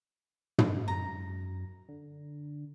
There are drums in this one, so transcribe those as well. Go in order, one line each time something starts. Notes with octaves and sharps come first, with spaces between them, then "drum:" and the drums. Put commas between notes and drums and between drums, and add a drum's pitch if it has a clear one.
drum: tom
F#2 A#5
D3